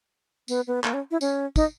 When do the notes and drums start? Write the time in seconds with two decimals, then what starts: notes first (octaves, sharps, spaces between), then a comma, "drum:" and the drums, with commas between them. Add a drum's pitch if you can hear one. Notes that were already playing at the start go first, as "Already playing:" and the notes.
0.48 B3, drum: tambourine
0.67 B3
0.84 A#3, drum: clap
0.93 C#4
1.11 E4
1.21 C#4, drum: tambourine
1.56 D#4, drum: kick, tambourine